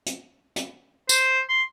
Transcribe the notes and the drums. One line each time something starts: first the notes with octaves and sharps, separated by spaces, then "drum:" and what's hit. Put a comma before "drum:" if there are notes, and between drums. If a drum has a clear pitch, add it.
drum: hi-hat
drum: hi-hat
C5, drum: tambourine
C6